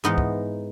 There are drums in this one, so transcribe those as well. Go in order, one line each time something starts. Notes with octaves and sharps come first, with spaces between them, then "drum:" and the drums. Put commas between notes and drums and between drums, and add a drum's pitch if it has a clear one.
G#2 E3 B3 D#4
drum: kick